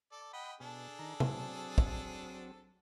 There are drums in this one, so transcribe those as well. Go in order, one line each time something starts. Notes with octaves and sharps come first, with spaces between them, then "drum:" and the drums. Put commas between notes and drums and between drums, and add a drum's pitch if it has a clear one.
A4 D5
D#5 F#5 G5 B5
B2 D4 G#4 A4
D#3 A#5
F#3 C4, drum: tom
drum: kick